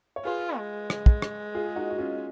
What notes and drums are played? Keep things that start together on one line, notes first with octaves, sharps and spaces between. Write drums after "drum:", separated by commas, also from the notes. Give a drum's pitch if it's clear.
C#5
F4 G#4 B4
G#3
drum: rim click
drum: kick
drum: rim click
F4 G#4
D#4 F#4
F#4
C#4 F4